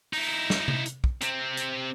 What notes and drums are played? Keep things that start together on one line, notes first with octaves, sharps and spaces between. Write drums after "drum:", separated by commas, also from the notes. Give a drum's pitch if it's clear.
D#4 E4, drum: open hi-hat
drum: snare
drum: tom C3
drum: hi-hat
drum: kick
C3 C4, drum: hi-hat
drum: hi-hat